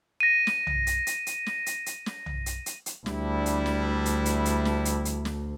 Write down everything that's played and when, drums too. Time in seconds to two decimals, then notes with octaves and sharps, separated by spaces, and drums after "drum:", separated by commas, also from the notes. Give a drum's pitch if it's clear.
0.20 A#6 D#7
0.47 drum: snare
0.67 drum: tom
0.87 drum: hi-hat
1.07 drum: hi-hat
1.27 drum: hi-hat
1.46 drum: snare
1.66 drum: hi-hat
1.86 drum: hi-hat
2.06 drum: snare
2.26 drum: tom
2.46 drum: hi-hat
2.66 drum: hi-hat
2.86 drum: hi-hat
3.06 D2 G3 D4 E4, drum: snare
3.46 drum: hi-hat
3.66 drum: snare
4.06 drum: hi-hat
4.25 drum: hi-hat
4.45 drum: hi-hat
4.65 drum: snare
4.85 drum: hi-hat
5.05 drum: hi-hat
5.25 drum: snare